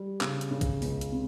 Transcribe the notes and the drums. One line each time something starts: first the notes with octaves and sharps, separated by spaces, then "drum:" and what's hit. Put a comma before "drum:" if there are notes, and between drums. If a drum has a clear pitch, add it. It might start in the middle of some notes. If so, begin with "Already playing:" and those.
Already playing: G3
C#3, drum: clap
drum: hi-hat
C#3
drum: kick A#1, hi-hat
C#2, drum: open hi-hat
drum: hi-hat
C3